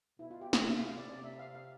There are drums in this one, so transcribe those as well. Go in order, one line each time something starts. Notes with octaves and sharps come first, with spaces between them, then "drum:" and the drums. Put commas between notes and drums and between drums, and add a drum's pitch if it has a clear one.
B2 E4
F4
G4
B4, drum: snare
C3 E5
F5
F5
D5
C3 D5
E5
F5
F5